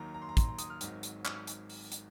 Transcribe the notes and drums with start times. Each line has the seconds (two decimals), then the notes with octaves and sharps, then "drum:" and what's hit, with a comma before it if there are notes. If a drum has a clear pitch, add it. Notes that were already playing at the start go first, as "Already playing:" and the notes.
Already playing: D#2 D#3 F#3 A#5
0.14 A#5
0.22 C6
0.29 A#5
0.37 C6, drum: kick, hi-hat
0.48 A#5
0.58 D#6, drum: hi-hat
0.70 F6
0.81 G#1 G#2 D#3 F#3, drum: hi-hat
1.03 drum: hi-hat
1.25 F6, drum: clap
1.47 drum: hi-hat
1.70 drum: open hi-hat
1.92 drum: hi-hat